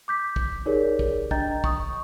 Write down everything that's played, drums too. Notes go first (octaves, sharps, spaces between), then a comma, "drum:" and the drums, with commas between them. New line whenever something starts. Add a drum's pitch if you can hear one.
D6 G6 B6
drum: kick
D#4 G4 G#4 A#4 C#5 D5
drum: kick
D4 D#5 G5 A#5 G6 A6, drum: kick
C#6 D#6, drum: kick